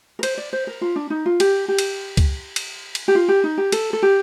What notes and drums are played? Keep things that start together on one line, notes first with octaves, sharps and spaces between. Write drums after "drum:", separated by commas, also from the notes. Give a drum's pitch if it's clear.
A#4
C5, drum: cymbal
D5
C5
A#4
F4
D4
D#4
F4
G4, drum: cymbal
G4
drum: cymbal
drum: kick C#2, cymbal
drum: cymbal
drum: cymbal
G4
F4
G4
D#4
G4
A4, drum: cymbal
A4
G4